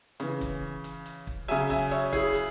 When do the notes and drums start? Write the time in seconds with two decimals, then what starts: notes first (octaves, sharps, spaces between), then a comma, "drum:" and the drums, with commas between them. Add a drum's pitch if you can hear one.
0.20 C#3 E3, drum: hi-hat
0.41 drum: kick, hi-hat
0.84 drum: hi-hat
1.06 drum: hi-hat
1.27 drum: kick
1.48 C#3 F#3 E5 G#5, drum: hi-hat
1.70 E5 G#5, drum: kick, hi-hat
1.91 C#5 E5, drum: hi-hat
2.13 E4 G#4, drum: kick, hi-hat
2.34 drum: hi-hat